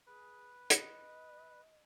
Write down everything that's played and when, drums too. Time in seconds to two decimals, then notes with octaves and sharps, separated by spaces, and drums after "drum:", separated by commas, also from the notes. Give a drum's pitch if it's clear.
0.07 G#4 B4
0.70 D#5, drum: hi-hat